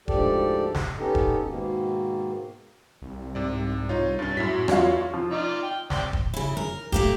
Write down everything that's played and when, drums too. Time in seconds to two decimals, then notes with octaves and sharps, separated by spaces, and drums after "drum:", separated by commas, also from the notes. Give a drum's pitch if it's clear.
0.08 D2 G#2 F3 G4 A4 D5, drum: kick E1
0.75 drum: snare
0.99 B3 C#4 D#4 G4 A4 D#5
1.15 drum: kick E1
1.47 G#2 B2 D#3 A#3
3.02 C2
3.35 G#2 C3 D5
3.89 D#4 F4 C#5
4.19 G2 C#4 A6
4.37 F#2 A2 E4 F#4 B6
4.68 E2 F4 C#5, drum: rim click
5.13 F3
5.31 D#4 F4 D5
5.63 G5
5.90 C4 D5 G5, drum: snare
6.13 drum: kick E1
6.34 C#3 E4
6.57 A#4
6.92 A3 A#3 G4, drum: kick E1